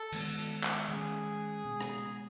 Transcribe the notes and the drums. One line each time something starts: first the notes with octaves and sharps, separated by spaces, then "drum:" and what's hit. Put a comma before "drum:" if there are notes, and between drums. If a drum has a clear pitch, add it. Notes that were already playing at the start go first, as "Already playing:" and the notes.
Already playing: A4
D#3 G#3 B3, drum: cymbal
drum: clap
D#3 G#3 C#4 G#4
B2 G#3 B3
drum: rim click